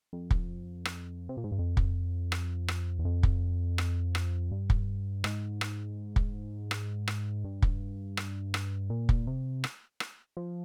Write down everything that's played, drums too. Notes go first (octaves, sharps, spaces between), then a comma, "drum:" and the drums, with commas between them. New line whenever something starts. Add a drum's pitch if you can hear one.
F2
drum: kick
drum: rim click
C3
A#2
G#2
G2
F2
drum: kick
drum: rim click
drum: rim click
E2
F2
drum: kick
drum: rim click
drum: rim click
G2
drum: kick
G#2, drum: rim click
drum: rim click
drum: kick
drum: rim click
drum: rim click
G2
drum: kick
drum: rim click
drum: rim click
A#2
drum: kick
C3
drum: rim click
drum: rim click
F3